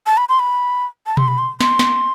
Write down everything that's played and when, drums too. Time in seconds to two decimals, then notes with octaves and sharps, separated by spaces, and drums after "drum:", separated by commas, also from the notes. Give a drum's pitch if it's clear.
0.06 A5
0.17 B5
0.29 C6
0.39 B5
1.06 A5
1.17 C6, drum: tom B2
1.28 B5
1.38 C6
1.61 C6, drum: snare
1.79 drum: snare